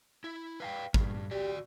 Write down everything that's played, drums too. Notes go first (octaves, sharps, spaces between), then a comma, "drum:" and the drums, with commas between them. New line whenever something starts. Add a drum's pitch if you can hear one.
E4
B4 F5 G5
G2, drum: kick
F#4 G4 D5